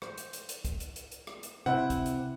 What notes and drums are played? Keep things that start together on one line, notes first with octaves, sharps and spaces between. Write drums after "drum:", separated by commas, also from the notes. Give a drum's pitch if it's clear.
C5, drum: rim click
drum: hi-hat
drum: hi-hat
drum: hi-hat
drum: kick, hi-hat
drum: hi-hat
drum: hi-hat
drum: hi-hat
drum: rim click
drum: hi-hat
C3 C4 E4 F#5
drum: kick, hi-hat
drum: hi-hat